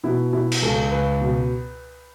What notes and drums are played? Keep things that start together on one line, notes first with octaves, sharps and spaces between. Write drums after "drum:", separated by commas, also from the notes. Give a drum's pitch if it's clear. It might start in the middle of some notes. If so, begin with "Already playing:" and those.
B2 E4
B2 E4
drum: cymbal
C#2 A4
C#2 B4
B2